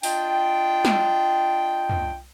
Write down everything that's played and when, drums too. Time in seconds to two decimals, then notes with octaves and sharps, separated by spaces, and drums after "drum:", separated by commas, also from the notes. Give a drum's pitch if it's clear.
0.03 D4 F4 D#5 G5, drum: open hi-hat
0.85 drum: snare
1.89 drum: tom